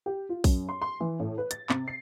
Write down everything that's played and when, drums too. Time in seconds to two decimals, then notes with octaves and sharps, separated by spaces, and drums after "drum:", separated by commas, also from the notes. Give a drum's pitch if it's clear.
0.06 G4
0.29 F4
0.44 F#2, drum: kick A#1, open hi-hat
0.69 C6
0.82 C6
1.00 E3
1.20 A2
1.38 B4
1.51 A6, drum: hi-hat
1.69 C3, drum: clap
1.88 C7